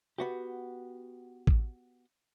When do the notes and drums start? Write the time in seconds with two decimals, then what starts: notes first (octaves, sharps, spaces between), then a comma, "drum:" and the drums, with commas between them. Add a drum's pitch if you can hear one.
0.18 B3 F#4 G4
1.47 drum: kick A1